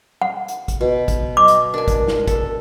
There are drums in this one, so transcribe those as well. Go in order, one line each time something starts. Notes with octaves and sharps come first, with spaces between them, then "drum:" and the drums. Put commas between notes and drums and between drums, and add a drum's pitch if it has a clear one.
F#5
drum: hi-hat
drum: kick, hi-hat
B2
drum: kick, hi-hat
D#5 D6
drum: hi-hat
D4 A#4 G#5
drum: kick, hi-hat
drum: snare
A4, drum: kick, hi-hat